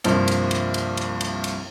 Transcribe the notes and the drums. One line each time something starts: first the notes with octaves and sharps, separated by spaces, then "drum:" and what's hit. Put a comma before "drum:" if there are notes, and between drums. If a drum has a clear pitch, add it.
C2 G2 F3 A#3, drum: cymbal
drum: cymbal
drum: cymbal
drum: cymbal
drum: cymbal
drum: cymbal
drum: cymbal